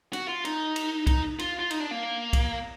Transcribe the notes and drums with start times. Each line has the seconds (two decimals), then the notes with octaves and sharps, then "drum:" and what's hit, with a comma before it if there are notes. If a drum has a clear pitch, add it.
0.13 F#4, drum: cymbal
0.28 F4
0.45 D#4, drum: cymbal
0.76 drum: cymbal
1.07 D#4, drum: kick C2, cymbal
1.39 F4, drum: cymbal
1.59 F4
1.71 D#4, drum: cymbal
1.80 D4
1.91 A#3
2.33 drum: kick C2, cymbal